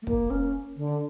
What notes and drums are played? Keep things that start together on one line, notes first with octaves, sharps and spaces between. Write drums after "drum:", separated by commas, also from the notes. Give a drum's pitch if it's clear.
A3
A#3, drum: kick
C#4
D3